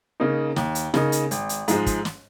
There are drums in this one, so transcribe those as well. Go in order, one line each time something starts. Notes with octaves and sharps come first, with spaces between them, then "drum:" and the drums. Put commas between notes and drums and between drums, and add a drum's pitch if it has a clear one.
C#3 A#3 D#4
D#2, drum: snare
drum: hi-hat
C#3 A#3 D#4, drum: snare
drum: hi-hat
G#1, drum: hi-hat
drum: hi-hat
G#2 F3 G#3, drum: hi-hat
drum: kick, hi-hat
drum: snare